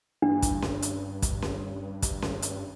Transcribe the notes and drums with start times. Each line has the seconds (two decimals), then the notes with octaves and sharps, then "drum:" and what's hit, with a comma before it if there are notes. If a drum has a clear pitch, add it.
0.22 G2 D4
0.42 drum: kick, hi-hat
0.62 drum: snare C#4
0.82 drum: hi-hat
1.22 drum: kick, hi-hat
1.42 drum: snare C#4
2.02 drum: kick, hi-hat
2.22 drum: snare C#4
2.42 drum: hi-hat